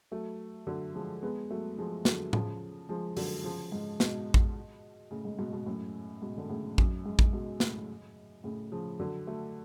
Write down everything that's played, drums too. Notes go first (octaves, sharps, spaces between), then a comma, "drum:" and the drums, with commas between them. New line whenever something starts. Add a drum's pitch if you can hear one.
F#3 A3
D3 F#3
F3 G#3
G#3 B3
F#3 A3
F3 G#3
D3 F#3, drum: snare
C#3 F3, drum: tom A2
F3 G#3
D3 F#3, drum: open hi-hat
C#3 F3
G#2
G#2 B2, drum: snare
drum: kick A1
A2 C#3
G#2
G#2 B2
G#2 B2
F#2 A2
G#2 B2
D3
A2 C#3
F#2, drum: kick A1
G#2
drum: kick A1
G#2 B2
A2 C#3, drum: snare
A2 C#3
C#3 F3
D3 F#3
F#3 A3